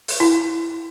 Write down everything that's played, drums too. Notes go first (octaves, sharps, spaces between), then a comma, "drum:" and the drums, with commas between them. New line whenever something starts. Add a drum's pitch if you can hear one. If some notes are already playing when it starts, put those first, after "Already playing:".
drum: open hi-hat
E4